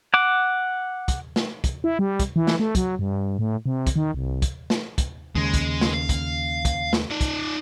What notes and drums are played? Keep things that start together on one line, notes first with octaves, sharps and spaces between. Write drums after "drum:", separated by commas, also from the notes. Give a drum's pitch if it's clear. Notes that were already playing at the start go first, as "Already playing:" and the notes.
F#5 D6
drum: kick, hi-hat
drum: snare
drum: kick, hi-hat
E4
G3
drum: kick, hi-hat
E3
drum: snare
A3
F#3, drum: kick, hi-hat
G2
A2
C3
drum: kick, hi-hat
D#3
C2
drum: kick, hi-hat
drum: snare
drum: kick, hi-hat
D#2 C#3 G#3
drum: kick, hi-hat
drum: snare
F5
drum: kick, hi-hat
drum: kick, hi-hat
drum: snare
D#4 D5
drum: kick, hi-hat